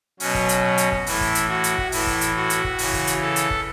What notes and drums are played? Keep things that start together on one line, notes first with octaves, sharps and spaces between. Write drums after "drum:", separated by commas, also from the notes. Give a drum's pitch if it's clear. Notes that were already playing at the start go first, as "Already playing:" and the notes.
B2 F#3 C#4, drum: open hi-hat
drum: kick
drum: hi-hat
drum: hi-hat
drum: kick
A2 E3 E4, drum: open hi-hat
drum: kick
drum: hi-hat
F#4
drum: hi-hat
drum: kick
A2 E3 E4, drum: open hi-hat
drum: kick
drum: hi-hat
F#4
drum: hi-hat
drum: kick
C#3 E3, drum: open hi-hat
drum: kick
drum: hi-hat
A4
drum: hi-hat
drum: kick